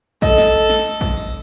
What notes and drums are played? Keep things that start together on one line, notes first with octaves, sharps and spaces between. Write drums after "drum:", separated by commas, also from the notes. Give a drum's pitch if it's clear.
A4 D#5, drum: kick A#1, tambourine
drum: snare
drum: snare
drum: tambourine
drum: kick A#1, tambourine
drum: tambourine